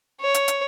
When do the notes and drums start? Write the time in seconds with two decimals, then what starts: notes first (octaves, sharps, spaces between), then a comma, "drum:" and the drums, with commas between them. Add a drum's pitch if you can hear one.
0.21 C#5
0.34 drum: hi-hat
0.48 drum: hi-hat